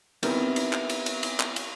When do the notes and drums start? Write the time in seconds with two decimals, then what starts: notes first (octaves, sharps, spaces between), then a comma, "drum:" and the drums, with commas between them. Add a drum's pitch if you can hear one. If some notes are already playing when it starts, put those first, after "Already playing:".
0.23 B3 C4 D#4 E4 G4 A#4, drum: cymbal
0.56 drum: cymbal
0.73 drum: clap
0.89 drum: cymbal
1.06 drum: cymbal
1.23 drum: cymbal
1.40 drum: clap
1.56 drum: cymbal